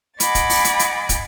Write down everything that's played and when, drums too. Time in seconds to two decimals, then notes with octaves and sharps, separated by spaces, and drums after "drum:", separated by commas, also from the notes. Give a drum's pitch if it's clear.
0.20 D#5 F#5 G#5 B5 D6 A6, drum: hi-hat
0.35 drum: kick, hi-hat
0.50 drum: open hi-hat
0.64 drum: hi-hat
0.79 drum: hi-hat
1.09 drum: kick, hi-hat